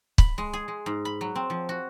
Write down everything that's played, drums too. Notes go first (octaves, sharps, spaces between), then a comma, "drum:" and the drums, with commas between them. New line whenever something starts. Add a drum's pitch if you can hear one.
B5, drum: kick
G#3
G#4
G#3
G#2
B5
F#3
C4
F3
F#4